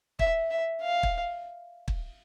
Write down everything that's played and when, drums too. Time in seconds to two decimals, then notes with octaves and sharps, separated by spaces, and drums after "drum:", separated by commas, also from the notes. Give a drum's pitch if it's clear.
0.19 E5, drum: kick
0.51 E5
0.82 F5
1.03 drum: kick
1.88 drum: kick